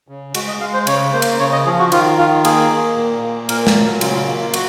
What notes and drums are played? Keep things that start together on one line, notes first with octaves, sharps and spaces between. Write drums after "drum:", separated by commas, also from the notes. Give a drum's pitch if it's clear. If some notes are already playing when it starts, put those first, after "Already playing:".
C#3
G#3 F#4, drum: cymbal
D#5
G#3 F5
C5
C#3 C#5, drum: cymbal
A#3 C5
drum: cymbal
C#3 C#5
D#5
F3 G#4
F#4
D#3 F4, drum: cymbal
D#3 F4
A#3 G#4, drum: cymbal
A#3
A#2
A#3
A#2 A#4, drum: cymbal
drum: snare
F#3
C#3 F4, drum: cymbal
F4
A#3
F4
F#4, drum: cymbal